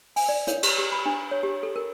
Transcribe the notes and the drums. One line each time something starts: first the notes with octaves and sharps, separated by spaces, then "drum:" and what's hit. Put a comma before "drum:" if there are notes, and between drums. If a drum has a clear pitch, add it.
G#5, drum: open hi-hat
D5
C#5, drum: hi-hat
G4, drum: cymbal
G4
B5
D4
C#5
G4
A4
A#4